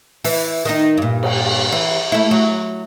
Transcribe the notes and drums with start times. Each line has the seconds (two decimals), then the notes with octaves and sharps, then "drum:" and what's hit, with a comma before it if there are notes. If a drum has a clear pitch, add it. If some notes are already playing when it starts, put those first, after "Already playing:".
0.24 E3, drum: open hi-hat
0.65 D#3 D#4
0.97 G2 A#2
1.23 drum: cymbal
1.72 E3
2.12 A3 E4
2.31 F#3